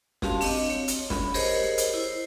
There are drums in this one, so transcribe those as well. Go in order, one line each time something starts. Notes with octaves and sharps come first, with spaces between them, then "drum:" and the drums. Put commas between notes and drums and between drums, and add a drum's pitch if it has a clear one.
F#4 G4 F5 A5 C6, drum: snare
C4 D4 D#5, drum: open hi-hat
C#5
drum: hi-hat
B5, drum: snare
G4 G#4 A#4 C5 C#5 D#5, drum: open hi-hat
drum: hi-hat
E4 C5